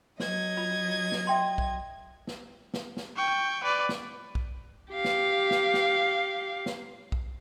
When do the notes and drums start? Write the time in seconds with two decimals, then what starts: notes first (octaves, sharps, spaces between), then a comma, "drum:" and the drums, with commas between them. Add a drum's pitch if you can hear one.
0.20 F#3 D#5 G#6, drum: snare
0.57 F4 B5
1.12 drum: snare
1.27 E5 G5 C6
1.58 drum: kick B1
2.27 drum: snare
2.74 drum: snare
2.97 drum: snare
3.16 G5 C#6
3.64 B4 D5
3.89 drum: snare
4.35 drum: kick B1
4.93 G4 F5
5.04 drum: snare
5.51 drum: snare
5.74 drum: snare
6.66 drum: snare
7.12 drum: kick B1